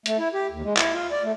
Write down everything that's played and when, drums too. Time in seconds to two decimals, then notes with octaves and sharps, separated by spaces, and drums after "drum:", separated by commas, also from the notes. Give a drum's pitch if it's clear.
0.06 A3, drum: hi-hat
0.18 E4
0.34 G4
0.51 D#2
0.64 G#3
0.77 E4, drum: clap
0.94 F4
1.11 D5
1.23 A3